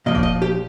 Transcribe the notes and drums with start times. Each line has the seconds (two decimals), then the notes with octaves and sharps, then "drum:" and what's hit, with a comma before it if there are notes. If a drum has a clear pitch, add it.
0.06 A#2 F3 D#5
0.15 D5, drum: kick F1
0.23 D#5
0.42 G4